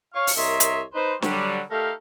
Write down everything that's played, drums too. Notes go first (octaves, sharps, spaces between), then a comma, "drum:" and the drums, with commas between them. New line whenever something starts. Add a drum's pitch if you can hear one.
C#5 F5 C#6
drum: open hi-hat
C2 A#4 C#5 D#5 E5 C6
drum: hi-hat
D#4 B4 C5
D3 F#3 G3, drum: snare
A3 D#4 G4 A4 A#4 F5